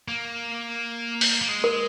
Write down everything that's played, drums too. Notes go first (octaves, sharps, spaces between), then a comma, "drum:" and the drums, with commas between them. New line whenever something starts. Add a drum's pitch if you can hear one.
A#3
drum: open hi-hat
A#3
G#3
A#4